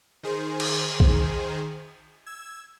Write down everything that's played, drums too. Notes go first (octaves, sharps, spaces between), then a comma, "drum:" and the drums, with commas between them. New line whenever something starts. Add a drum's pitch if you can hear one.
D#3 G#4 C5
drum: cymbal
drum: kick
E6 G#6